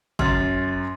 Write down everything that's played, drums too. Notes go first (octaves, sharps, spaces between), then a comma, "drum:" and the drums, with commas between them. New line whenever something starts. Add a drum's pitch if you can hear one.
F#2 C6 F6 A6, drum: tom